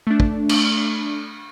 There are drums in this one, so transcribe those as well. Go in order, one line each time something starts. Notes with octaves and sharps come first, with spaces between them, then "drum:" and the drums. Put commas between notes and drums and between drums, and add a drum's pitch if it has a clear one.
A3 D4
drum: kick
drum: cymbal